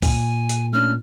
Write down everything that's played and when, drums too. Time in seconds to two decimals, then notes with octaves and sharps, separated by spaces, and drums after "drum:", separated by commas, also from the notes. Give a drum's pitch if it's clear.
0.02 A#2 G#5, drum: kick C#2, open hi-hat
0.49 drum: hi-hat
0.73 A3 C#4 D4 F6